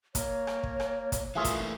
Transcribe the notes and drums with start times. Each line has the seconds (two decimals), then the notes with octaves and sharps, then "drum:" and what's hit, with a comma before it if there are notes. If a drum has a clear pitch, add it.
0.15 A#3 C#5, drum: kick, hi-hat
0.47 drum: rim click
0.63 drum: kick
0.80 drum: rim click
1.12 drum: kick, hi-hat
1.35 E3 A3 A#3 F4 G#4 E5
1.44 drum: kick, hi-hat